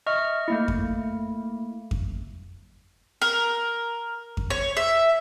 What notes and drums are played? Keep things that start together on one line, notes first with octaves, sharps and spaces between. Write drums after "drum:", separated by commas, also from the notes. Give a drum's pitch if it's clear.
D#5 E5 C#6 F6
A3 A#3 E4
drum: kick F2
drum: kick F2
A#4
drum: kick F2
C#5
E5